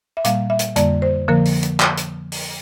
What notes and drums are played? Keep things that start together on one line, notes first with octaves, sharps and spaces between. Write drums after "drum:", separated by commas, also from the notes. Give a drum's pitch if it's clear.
E5
A#2 G3 A#3 F5, drum: hi-hat
E5
drum: hi-hat
F2 D3 G3 A#3 D5, drum: hi-hat
C5
D3 F3 A#3 A#4
drum: open hi-hat
drum: hi-hat
drum: clap
drum: hi-hat
drum: open hi-hat